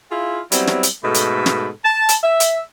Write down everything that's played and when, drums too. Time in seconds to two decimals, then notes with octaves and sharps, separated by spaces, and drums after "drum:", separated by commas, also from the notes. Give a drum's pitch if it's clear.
0.11 E4 F4 G#4 F5
0.52 F#3 G3 B3 C4 E4, drum: hi-hat
0.67 drum: snare
0.83 drum: hi-hat
1.04 G#2 B2 A3 A4 B5
1.14 drum: hi-hat
1.46 drum: snare
1.85 A5
2.09 drum: hi-hat
2.24 E5
2.40 drum: hi-hat